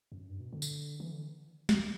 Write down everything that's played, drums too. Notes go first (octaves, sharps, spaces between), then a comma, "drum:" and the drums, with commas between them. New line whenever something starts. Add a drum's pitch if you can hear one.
F#2
G2
B2
D3
drum: tambourine
E3
D3
drum: snare